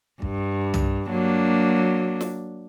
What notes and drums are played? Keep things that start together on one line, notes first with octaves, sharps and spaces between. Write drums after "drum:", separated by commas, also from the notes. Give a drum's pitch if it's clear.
G2, drum: kick
drum: tom
F#3 A#3 D4
drum: snare